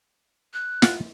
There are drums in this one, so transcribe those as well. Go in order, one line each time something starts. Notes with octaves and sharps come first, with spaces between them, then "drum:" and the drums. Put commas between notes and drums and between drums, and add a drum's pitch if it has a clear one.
F#6
F4 F#5, drum: snare